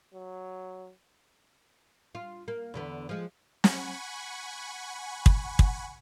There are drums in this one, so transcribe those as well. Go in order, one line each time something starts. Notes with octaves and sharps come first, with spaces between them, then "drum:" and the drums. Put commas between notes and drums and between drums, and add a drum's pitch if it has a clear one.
F#3
F4
A#3
E2 D3 B3
F3 G#3
F#5 G#5 B5 C#6, drum: snare
drum: kick
drum: kick